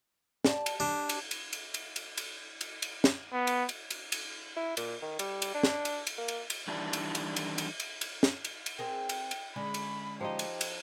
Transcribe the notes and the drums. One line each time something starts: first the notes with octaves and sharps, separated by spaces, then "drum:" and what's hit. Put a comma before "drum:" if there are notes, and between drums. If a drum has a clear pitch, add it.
G4 D5 A5, drum: snare
drum: cymbal
D4 G4
drum: cymbal
drum: cymbal
drum: cymbal
drum: cymbal
drum: cymbal
drum: cymbal
drum: cymbal
drum: cymbal
drum: snare
B3
drum: cymbal
drum: cymbal
drum: cymbal
drum: cymbal
E4
A#2, drum: cymbal
D#3
G3, drum: cymbal
drum: cymbal
D4
drum: snare
drum: cymbal
drum: cymbal
A#3
drum: cymbal
drum: cymbal
D#3 E3 G3 D4 E4
drum: cymbal
drum: cymbal
drum: cymbal
drum: cymbal
drum: cymbal
drum: cymbal
drum: snare
drum: cymbal
drum: cymbal
C4 G#4 A#4 G5
drum: cymbal
drum: cymbal
D3 G#3 C#4 B5
drum: cymbal
F3 D#4 G4 D#5
drum: cymbal
drum: cymbal